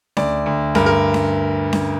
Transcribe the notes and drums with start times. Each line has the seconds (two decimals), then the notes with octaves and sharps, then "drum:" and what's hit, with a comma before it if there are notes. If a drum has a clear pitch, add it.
0.17 D2 D5, drum: snare C#4
0.46 D2
0.75 G2 A#4, drum: snare C#4
0.86 A#4
1.14 drum: snare C#4
1.73 drum: snare C#4